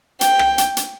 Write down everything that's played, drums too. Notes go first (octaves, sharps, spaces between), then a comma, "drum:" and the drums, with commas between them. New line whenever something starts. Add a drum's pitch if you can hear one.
G5, drum: hi-hat
drum: rim click
drum: hi-hat
drum: hi-hat